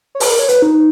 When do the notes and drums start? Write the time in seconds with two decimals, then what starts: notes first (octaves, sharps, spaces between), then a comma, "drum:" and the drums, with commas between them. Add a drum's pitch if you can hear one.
0.15 C#5
0.20 B4, drum: open hi-hat
0.30 A#4
0.39 C#5
0.49 B4, drum: hi-hat
0.62 D#4